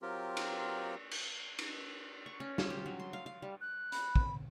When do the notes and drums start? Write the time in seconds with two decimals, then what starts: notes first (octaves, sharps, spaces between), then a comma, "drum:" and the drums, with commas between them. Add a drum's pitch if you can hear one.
0.02 F#3 C4 F4 G4 A#4
0.37 drum: cymbal
1.11 drum: cymbal
1.58 drum: cymbal
2.26 C#6
2.40 C#4
2.58 F4, drum: snare
2.70 G4
2.86 F#3
3.00 C6
3.13 F5
3.26 F5
3.42 G3
3.61 F#6
3.92 B5, drum: hi-hat
4.16 drum: kick